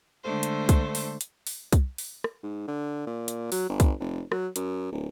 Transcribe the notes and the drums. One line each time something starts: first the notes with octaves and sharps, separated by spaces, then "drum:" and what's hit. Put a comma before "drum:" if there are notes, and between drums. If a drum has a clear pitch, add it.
D3 G#3 A3 D4 C5
drum: hi-hat
drum: kick, hi-hat
drum: open hi-hat
drum: hi-hat
drum: open hi-hat
drum: kick, hi-hat
drum: open hi-hat
drum: rim click
G#2
D3
A#2
drum: hi-hat
F#3, drum: open hi-hat
G1
drum: kick, hi-hat
F1
F#3, drum: rim click
F#2, drum: hi-hat
D1